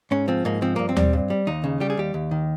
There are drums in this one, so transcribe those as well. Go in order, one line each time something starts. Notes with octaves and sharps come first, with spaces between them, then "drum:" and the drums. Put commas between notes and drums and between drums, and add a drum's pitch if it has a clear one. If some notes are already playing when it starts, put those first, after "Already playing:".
G#2 C#4
F3 C4
G#2 A#3
F3 C4
G2 A#3
C4
G3, drum: tom D#2
G2
G3
D#2 D#4
C#3
G3 G4
G#4
D#2 G4
D#2
D#3